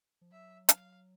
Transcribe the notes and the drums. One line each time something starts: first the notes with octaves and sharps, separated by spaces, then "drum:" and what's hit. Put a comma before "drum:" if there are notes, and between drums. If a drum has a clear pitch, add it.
F3
F#3 E5
F5, drum: hi-hat